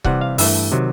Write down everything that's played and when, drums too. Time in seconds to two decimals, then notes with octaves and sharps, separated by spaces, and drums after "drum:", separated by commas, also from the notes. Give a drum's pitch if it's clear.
0.04 C3 E3 G3 F#5, drum: kick C#1
0.21 F5
0.38 G2 E3 A3 E5, drum: open hi-hat
0.72 C3 D#3 F#3